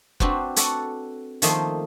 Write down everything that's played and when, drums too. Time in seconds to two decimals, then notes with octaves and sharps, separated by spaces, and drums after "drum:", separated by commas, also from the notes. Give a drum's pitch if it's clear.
0.20 C4 D4 F#4 B4 C5, drum: kick F#1
0.56 F#4 A4 D5 F#5, drum: hi-hat
1.42 D#3 F3 A3 A#3 C5 D#5, drum: hi-hat